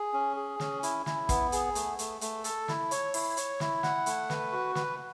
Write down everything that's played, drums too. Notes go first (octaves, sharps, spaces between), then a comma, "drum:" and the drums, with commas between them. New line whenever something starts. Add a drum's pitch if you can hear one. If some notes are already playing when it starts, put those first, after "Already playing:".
Already playing: G#4
C#4
G#4
C#4, drum: snare
E4, drum: hi-hat
E4, drum: snare
B3, drum: kick, hi-hat
G#4, drum: hi-hat
A3, drum: hi-hat
A3, drum: hi-hat
A3, drum: hi-hat
A4, drum: hi-hat
E4, drum: snare
C#5, drum: hi-hat
E4, drum: open hi-hat
C#5, drum: hi-hat
E4, drum: snare
F#5, drum: snare
A3, drum: hi-hat
B4, drum: snare
F#4
B4, drum: snare